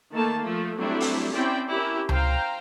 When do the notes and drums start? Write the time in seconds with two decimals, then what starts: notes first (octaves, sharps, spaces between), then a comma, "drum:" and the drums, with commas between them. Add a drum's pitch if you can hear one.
0.13 D#3 A3 A#3 A5
0.42 F3 A3
0.78 F#3 G3 A3 C4 D4 E4
1.01 drum: open hi-hat
1.34 C4 C#4 E4 C5 D5 G5
1.69 C#4 E4 G4 A#4
2.09 C5 F5 G5 A#5, drum: tom C#2